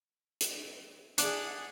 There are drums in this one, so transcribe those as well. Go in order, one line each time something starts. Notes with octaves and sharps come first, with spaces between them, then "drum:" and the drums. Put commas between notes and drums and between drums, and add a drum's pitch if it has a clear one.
drum: hi-hat
D4 G#4 D5 F#5, drum: hi-hat